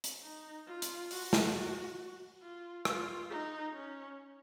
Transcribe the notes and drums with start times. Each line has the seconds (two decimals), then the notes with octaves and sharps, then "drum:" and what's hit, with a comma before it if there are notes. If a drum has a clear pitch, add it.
0.04 drum: hi-hat
0.22 D#4
0.67 F4
0.82 drum: hi-hat
1.11 F#4, drum: open hi-hat
1.33 drum: snare
2.42 F4
2.85 F4, drum: rim click
3.30 D#4
3.74 C#4